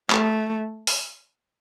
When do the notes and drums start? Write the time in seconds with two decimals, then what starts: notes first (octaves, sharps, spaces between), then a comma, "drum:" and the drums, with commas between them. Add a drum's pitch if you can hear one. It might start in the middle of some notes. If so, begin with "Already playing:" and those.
0.10 A3, drum: clap
0.87 drum: open hi-hat